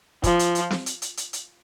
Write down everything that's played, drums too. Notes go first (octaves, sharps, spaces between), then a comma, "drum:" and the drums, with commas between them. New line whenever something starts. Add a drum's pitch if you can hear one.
F3, drum: kick, hi-hat
drum: hi-hat
drum: hi-hat
drum: snare
drum: hi-hat
drum: hi-hat
drum: hi-hat
drum: hi-hat